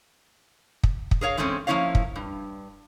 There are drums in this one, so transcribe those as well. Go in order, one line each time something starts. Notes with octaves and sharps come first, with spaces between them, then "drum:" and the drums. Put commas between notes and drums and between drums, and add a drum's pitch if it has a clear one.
drum: kick
drum: kick
G#4 A#4 C#5 F5
E3 G#3 A3 C4 C#4 E4
F3 A#3 C#4 E4 C#5 F5
drum: kick
G2